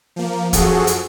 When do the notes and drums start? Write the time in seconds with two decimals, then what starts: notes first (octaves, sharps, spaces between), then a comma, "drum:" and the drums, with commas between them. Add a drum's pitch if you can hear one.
0.16 F3 A#3
0.53 F#2 F3 F#4 G#4 A4, drum: kick, hi-hat
0.87 drum: hi-hat